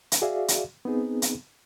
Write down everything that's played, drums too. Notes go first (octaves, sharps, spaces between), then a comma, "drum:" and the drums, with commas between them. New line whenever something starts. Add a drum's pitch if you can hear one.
drum: hi-hat
F#4 G#4 D5 E5 F5
drum: hi-hat
B3 C4 D#4 G#4
drum: hi-hat